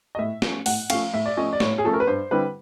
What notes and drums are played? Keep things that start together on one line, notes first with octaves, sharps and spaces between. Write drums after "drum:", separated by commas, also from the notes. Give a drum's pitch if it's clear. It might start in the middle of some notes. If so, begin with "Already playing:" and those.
D#5
A2 E5
F3 A3 C#4, drum: snare
A2 F#5, drum: open hi-hat
F3 A3 C#4 F5, drum: cymbal
A2 E5
D5
F3 A3 C#4 D#5
D5
A2 C#5, drum: snare
G#4
F3 A3 C#4 A4
A#4
B4
G2 C5
D3 G3 C4 E4 B4